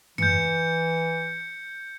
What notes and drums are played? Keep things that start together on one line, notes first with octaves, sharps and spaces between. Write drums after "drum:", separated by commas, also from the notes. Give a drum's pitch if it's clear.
E3 G6 C#7, drum: tom F#2